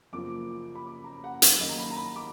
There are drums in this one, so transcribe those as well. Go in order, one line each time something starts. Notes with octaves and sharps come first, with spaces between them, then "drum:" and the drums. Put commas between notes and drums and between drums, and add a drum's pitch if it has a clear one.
F#1 F#2 F3 A#3 D6
B5
D6
A#5
F#5
F5, drum: hi-hat
F#2 D#3 A#3 D#5
A#5
B5
A#5
B5
D6